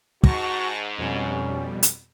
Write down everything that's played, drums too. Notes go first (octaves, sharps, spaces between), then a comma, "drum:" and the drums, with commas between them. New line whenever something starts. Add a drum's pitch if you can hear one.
G#2 F#4 A5 C#6 A#6, drum: kick
F2 B2 G3 C#4
drum: hi-hat